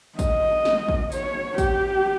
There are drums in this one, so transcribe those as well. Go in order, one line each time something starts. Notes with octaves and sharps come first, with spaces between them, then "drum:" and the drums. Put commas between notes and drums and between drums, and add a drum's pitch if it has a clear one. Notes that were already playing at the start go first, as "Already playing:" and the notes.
D#5, drum: kick, tambourine
drum: snare
drum: kick
C#5, drum: tambourine
G4, drum: kick, tambourine